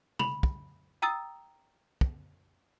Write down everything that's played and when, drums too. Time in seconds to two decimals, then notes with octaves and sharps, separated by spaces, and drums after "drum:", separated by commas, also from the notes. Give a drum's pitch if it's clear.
0.19 B5 F7 F#7, drum: tom C3
0.43 drum: kick
1.02 G5 A#5 D#6 E6 A6
2.01 drum: kick